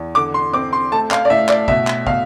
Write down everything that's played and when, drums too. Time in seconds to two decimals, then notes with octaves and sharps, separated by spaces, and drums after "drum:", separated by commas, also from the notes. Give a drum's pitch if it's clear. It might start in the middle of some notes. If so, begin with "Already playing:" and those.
Already playing: E2
0.15 D3 D6
0.34 C6
0.54 C4 D6
0.73 C6
0.92 A3 A5
1.11 F5, drum: clap
1.25 D5
1.30 A2 E5
1.49 D5, drum: clap
1.68 B2 E5, drum: kick
1.87 drum: clap
2.07 B2 F5, drum: kick